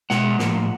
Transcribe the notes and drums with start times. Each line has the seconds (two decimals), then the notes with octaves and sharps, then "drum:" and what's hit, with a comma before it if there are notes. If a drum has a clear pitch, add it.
0.10 B2 G#3 F#5, drum: snare
0.39 A2 F3 A#3, drum: snare